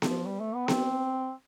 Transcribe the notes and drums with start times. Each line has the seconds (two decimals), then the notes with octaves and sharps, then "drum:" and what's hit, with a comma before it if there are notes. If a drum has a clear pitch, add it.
0.02 F3, drum: snare B3
0.26 G3
0.40 A3
0.55 B3
0.68 C4, drum: snare B3